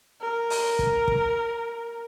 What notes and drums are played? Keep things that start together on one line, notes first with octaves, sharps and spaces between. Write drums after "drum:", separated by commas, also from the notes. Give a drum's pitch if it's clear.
A#4
drum: open hi-hat
drum: kick
drum: kick